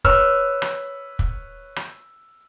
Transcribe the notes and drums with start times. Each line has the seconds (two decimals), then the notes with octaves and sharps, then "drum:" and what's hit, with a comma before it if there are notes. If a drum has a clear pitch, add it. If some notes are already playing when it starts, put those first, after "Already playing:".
0.04 B4 C#5 C#6 E6 F6, drum: kick
0.62 drum: rim click
1.19 drum: kick
1.76 drum: rim click